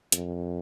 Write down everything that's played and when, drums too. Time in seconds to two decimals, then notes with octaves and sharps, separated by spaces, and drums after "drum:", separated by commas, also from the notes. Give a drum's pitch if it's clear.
0.12 F2, drum: hi-hat